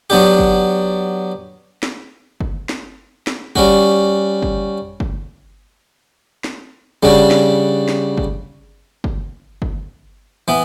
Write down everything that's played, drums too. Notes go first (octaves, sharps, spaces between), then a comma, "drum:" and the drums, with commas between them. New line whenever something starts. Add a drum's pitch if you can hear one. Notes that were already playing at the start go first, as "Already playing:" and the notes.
F#3 B3 D4 G4
drum: kick G1
drum: snare
drum: kick G1
drum: snare
drum: snare
G3 C#4 F#4, drum: kick G1
drum: kick G1
drum: kick G1
drum: snare
C#3 G3 D4 F#4, drum: kick G1
drum: snare
drum: snare
drum: kick G1
drum: kick G1
drum: kick G1
E3 B3